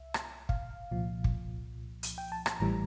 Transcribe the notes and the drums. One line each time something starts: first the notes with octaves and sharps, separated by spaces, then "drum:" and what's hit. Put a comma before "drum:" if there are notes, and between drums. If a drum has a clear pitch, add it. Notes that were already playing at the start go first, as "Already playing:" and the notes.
Already playing: C2 E5
drum: rim click
F5, drum: kick
C2 A#2 F3
drum: kick
drum: hi-hat
G5
A5
A5, drum: rim click
A1 A2 E3 G3 A#5